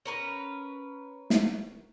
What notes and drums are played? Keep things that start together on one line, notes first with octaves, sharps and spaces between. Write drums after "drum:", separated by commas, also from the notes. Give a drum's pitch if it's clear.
C#4 A#4 B4
drum: snare